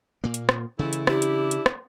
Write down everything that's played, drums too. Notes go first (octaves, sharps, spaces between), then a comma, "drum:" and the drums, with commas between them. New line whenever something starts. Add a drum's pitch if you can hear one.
A#2 A#3
drum: hi-hat
drum: rim click
C#3 E3 G#3 A3 E4
drum: hi-hat
D4 E4 G4, drum: rim click
drum: hi-hat
drum: hi-hat
drum: rim click